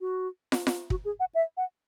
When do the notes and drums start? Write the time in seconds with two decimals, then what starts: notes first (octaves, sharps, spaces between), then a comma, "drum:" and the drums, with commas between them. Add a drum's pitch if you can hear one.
0.01 F#4
0.52 drum: snare
0.67 drum: snare
0.90 F#4, drum: kick
1.05 G#4
1.20 F#5
1.35 E5
1.57 F#5